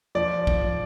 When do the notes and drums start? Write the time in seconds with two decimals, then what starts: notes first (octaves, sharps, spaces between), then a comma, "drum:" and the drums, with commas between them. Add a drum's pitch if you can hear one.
0.15 F3 D5
0.47 drum: kick